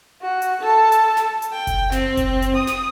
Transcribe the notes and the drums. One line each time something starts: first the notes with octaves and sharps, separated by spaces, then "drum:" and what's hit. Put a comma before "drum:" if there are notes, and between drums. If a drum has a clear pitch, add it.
F#4
drum: hi-hat
A4
drum: hi-hat
drum: snare
drum: hi-hat
G5
drum: kick F#1, hi-hat
C4, drum: snare
drum: kick F#1, hi-hat
drum: hi-hat
D#6
drum: snare